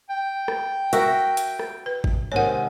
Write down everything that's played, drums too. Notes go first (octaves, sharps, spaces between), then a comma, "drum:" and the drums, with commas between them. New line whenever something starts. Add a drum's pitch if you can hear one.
G5
drum: rim click
F#4 A#4 E5, drum: hi-hat
drum: hi-hat
drum: rim click
B4
drum: kick G#1
G#2 C3 D#3 C#5 F#5